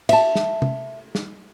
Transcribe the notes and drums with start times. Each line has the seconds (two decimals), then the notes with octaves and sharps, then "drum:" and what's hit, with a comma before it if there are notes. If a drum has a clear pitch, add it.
0.09 E5 A5, drum: cymbal
0.35 drum: snare
0.62 drum: tom
1.15 drum: snare